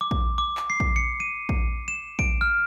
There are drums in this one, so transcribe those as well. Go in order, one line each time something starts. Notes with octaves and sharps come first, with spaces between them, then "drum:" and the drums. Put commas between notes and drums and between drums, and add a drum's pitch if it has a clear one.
D6
drum: kick
D6
drum: clap
C7
drum: kick
C#7
D#7
drum: kick
E7
D7, drum: kick
F6